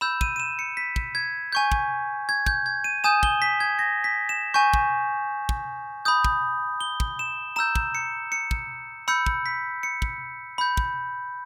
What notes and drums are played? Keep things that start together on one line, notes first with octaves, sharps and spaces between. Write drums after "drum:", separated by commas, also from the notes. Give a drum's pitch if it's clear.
B5 E6 G6 E7
D#7, drum: kick
D#7
E7
C#7
B6
drum: kick
G#6
G#5 C#6 G6
drum: kick
G#6
G6, drum: kick
G#6
D#7
G#5 D#6 G6 E7
G7, drum: kick
B6
G#6
A#6
B6
E7
G#5 C#6 G6
drum: kick
drum: kick
B5 D#6 G6
drum: kick
G7
drum: kick
E7
A#5 E6 G6 E7
drum: kick
C#7
C#7
drum: kick
B5 E6 G6 C#7
drum: kick
B6
C#7
drum: kick
B5 G6
drum: kick